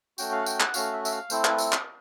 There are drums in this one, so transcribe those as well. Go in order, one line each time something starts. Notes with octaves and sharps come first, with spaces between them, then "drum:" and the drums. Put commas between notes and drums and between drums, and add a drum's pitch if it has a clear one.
A3 C#4 F#4 G5, drum: tambourine
F5
F#5
G5, drum: tambourine
F#5, drum: clap
A3 C#4 F#4 F5, drum: tambourine
E5
E5, drum: tambourine
F5
A3 C4 E4 C5, drum: tambourine
B4, drum: clap
drum: tambourine
drum: clap